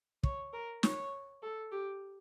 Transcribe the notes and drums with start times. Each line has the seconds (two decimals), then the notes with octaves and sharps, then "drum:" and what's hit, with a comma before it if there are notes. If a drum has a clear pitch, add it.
0.23 C#5, drum: kick
0.53 A#4
0.83 C#5, drum: snare
1.43 A4
1.72 G4